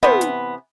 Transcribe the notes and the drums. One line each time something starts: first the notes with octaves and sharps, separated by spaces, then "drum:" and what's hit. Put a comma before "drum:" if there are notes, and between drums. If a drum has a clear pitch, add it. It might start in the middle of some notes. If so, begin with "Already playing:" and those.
C3 E3 B3, drum: tom
drum: hi-hat